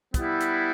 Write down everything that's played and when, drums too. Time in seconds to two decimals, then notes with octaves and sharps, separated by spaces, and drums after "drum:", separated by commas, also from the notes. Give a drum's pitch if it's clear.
0.14 G3 B3 E4, drum: kick, hi-hat
0.41 drum: hi-hat